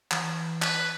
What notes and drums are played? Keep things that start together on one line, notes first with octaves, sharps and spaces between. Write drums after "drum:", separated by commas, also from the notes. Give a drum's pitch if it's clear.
E3, drum: clap
B4, drum: clap